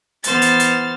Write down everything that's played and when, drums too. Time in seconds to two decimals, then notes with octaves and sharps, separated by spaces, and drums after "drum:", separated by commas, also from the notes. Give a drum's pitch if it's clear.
0.24 E3 B3 C5 F6 A6, drum: hi-hat
0.42 drum: hi-hat
0.60 drum: hi-hat